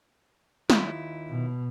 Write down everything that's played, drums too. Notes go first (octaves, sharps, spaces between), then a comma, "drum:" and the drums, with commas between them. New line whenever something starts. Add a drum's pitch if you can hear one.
D#2 E4 F4, drum: snare
B2